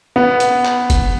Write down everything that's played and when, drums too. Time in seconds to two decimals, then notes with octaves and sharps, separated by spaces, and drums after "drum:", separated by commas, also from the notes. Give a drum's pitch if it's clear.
0.16 B3
0.40 drum: hi-hat
0.65 drum: clap
0.90 drum: kick, hi-hat